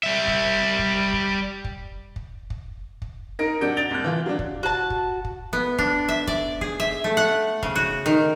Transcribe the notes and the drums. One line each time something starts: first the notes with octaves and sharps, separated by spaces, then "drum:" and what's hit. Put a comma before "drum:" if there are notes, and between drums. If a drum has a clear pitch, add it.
G3 E5
drum: kick
drum: kick
drum: kick
drum: kick
drum: kick
drum: kick
drum: kick
D#4 A#4 A#6 D7
C3 F#3 D4 F#5 G6 D7
A6 D7 F7 G7
C2 F#6
E3 F4
F#3 D4
drum: kick
F#4 A5
drum: kick
drum: kick
B3
D4, drum: kick
E5
D5, drum: kick
G#4, drum: kick
E5
A3
F#5
C#3, drum: kick
F#4
D#3